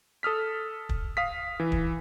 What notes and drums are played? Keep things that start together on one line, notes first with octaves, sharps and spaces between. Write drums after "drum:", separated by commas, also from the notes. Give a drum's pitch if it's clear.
A4 D#6 F6 B6
drum: kick
F5 D#6 B6
E3
drum: kick